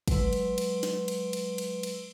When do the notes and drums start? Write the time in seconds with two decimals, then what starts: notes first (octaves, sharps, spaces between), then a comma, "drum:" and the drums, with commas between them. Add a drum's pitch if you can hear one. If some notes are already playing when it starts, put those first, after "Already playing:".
0.08 F#3 G#3 B4 C6 E6, drum: kick, cymbal
0.33 drum: cymbal
0.58 drum: cymbal
0.83 drum: snare
1.08 drum: cymbal
1.33 drum: cymbal
1.58 drum: cymbal
1.83 drum: cymbal